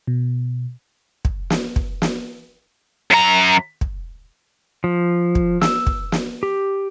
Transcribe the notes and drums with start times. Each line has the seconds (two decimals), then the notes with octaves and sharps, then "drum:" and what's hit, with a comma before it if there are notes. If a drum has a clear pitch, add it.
0.07 B2
1.25 drum: kick
1.50 drum: snare
1.76 drum: kick
2.02 drum: snare
3.11 F#2 A#5
3.81 drum: kick
4.84 F3
5.35 drum: kick
5.61 E6, drum: snare
5.87 drum: kick
6.12 drum: snare
6.43 G4